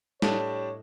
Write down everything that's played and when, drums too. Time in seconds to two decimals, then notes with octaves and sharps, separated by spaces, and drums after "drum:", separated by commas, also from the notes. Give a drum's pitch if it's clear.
0.22 A2 G3 D4 C#5 D#5 A5, drum: snare